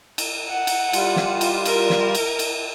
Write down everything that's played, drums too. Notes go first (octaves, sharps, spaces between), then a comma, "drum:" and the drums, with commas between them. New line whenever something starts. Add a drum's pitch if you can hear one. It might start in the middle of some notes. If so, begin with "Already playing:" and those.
drum: cymbal
F#5
drum: cymbal
G3 F4, drum: cymbal
drum: snare
drum: cymbal
A#4, drum: cymbal
drum: snare
drum: cymbal
drum: cymbal